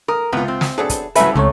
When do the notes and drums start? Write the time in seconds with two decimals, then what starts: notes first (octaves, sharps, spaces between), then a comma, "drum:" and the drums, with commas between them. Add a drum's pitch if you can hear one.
0.08 A#4 D#6
0.32 C#2 C3 B3 F4
0.48 C4
0.61 drum: snare
0.78 F#3 B3 D4 G#4 A4 A5
0.89 drum: kick, hi-hat
1.15 C2 C#3 F#3 A3 C#4 A4 B4 E5, drum: hi-hat
1.36 C#2 C3 A3 C#5